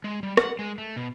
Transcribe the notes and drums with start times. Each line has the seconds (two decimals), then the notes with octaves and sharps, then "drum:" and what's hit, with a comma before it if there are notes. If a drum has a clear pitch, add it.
0.04 G#3
0.23 G3
0.37 F#5, drum: rim click
0.59 G#3
0.78 A3
0.96 B2